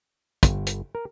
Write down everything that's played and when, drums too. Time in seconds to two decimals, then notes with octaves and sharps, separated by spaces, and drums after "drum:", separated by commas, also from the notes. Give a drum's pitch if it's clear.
0.43 G1, drum: kick, hi-hat
0.67 drum: hi-hat
0.95 A#4